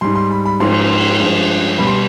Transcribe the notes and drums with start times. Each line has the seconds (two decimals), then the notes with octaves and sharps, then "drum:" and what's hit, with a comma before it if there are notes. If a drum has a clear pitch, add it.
0.01 G#2 G3 C6
0.15 C6
0.31 B5
0.45 B5
0.60 G#2 F3 G#3 C6, drum: cymbal
0.90 C6
1.20 G2 F3 G#3
1.78 B2 G3 B5
1.87 C6